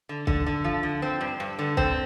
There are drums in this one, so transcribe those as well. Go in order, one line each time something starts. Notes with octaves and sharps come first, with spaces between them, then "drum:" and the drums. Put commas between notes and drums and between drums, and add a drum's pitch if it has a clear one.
D3
D3, drum: kick
D3
F3
D3
C4
G2
G2
D3
C4, drum: kick